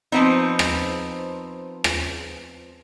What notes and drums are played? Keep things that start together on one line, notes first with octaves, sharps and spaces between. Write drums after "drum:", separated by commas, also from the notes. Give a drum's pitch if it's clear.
F3 B3 C4 D#4
drum: rim click
drum: rim click